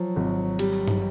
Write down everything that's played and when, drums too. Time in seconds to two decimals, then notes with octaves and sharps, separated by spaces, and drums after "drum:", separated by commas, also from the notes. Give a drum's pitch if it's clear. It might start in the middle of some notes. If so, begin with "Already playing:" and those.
Already playing: F3 F#3
0.16 G#1
0.59 F#3 G3, drum: cymbal
0.88 drum: tom G2